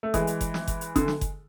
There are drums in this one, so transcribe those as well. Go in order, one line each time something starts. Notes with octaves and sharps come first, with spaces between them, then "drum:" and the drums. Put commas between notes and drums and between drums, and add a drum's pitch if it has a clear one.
A3
E3 G#3, drum: kick F#1, hi-hat
drum: hi-hat
drum: kick F#1, hi-hat
drum: snare
drum: kick F#1, hi-hat
drum: hi-hat
D3, drum: kick F#1, hi-hat
drum: snare
drum: kick F#1, hi-hat